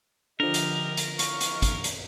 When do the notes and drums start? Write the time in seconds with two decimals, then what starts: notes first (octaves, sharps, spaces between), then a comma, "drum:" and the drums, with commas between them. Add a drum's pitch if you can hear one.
0.40 D3 F3 G4 A#4 D#5
0.54 drum: hi-hat
0.97 drum: hi-hat
1.19 E3 F5 C#6, drum: hi-hat
1.41 drum: hi-hat
1.62 drum: kick, hi-hat
1.84 drum: hi-hat